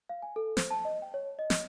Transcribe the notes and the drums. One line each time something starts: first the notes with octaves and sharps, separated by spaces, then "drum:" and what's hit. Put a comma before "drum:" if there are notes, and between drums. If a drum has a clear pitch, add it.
F5
G#5
A4
C5, drum: snare
A5
D#5
G5
C#5
D#5
drum: snare